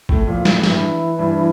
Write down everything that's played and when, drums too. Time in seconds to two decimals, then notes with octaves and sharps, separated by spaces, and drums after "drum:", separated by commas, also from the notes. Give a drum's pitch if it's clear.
0.09 A2 A3, drum: kick
0.27 A#2 F3
0.45 A2 E3, drum: snare
0.63 G2 E3, drum: snare
1.19 G2